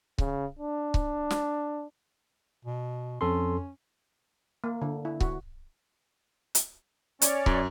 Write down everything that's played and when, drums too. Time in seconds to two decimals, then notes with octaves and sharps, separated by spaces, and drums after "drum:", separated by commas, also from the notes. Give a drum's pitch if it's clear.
0.18 C#3, drum: kick C#1
0.59 D4
0.94 drum: kick C#1
1.31 drum: snare
2.65 B2
3.21 F2 C#4 A4 C6
4.64 A#3
4.82 D3
5.05 E4
5.20 F#4, drum: kick C#1
6.55 drum: hi-hat
7.22 C#4 C#5 D5, drum: hi-hat
7.46 F#2, drum: kick C#1